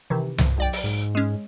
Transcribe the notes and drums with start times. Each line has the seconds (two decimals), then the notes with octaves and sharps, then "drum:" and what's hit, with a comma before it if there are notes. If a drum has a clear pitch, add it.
0.10 C3 D#3 E3
0.38 drum: tom C2
0.58 B1 D5 G5
0.73 drum: open hi-hat
0.84 G#2
1.15 G#3 C#4